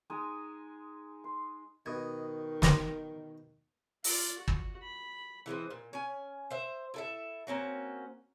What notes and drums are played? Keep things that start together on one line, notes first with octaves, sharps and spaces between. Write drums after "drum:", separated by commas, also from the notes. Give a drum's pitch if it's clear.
G#3 D#4 G#5 D#6
C6
B2 D#3 D#5 D#6 G#6
drum: snare
F4 D5, drum: open hi-hat
F#4
drum: kick
B5
E3 G#3 B3 C4
A#2
C#4 G#5
C5 E5
E4 A4 E5
A#3 C4 C#4 F#4